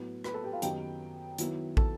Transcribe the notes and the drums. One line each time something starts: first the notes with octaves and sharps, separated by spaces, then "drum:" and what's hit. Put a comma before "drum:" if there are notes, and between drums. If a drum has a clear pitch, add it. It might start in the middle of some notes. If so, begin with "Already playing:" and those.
Already playing: A2 F#3 B3
B4 B5, drum: rim click
A4 A5
G4 G5
F4 F5
F#2 D#3 F#3 B3 D#4 G4 G5, drum: hi-hat
D#3 F#3 B3 E4, drum: hi-hat
A4 A5, drum: kick